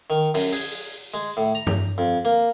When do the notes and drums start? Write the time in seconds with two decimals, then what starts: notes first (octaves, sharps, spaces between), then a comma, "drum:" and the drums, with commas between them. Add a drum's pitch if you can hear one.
0.10 D#3
0.34 F#2, drum: open hi-hat
0.53 G#4, drum: open hi-hat
1.14 G#3
1.37 A2
1.55 A#5
1.67 drum: tom G2
1.98 F2
2.25 A#3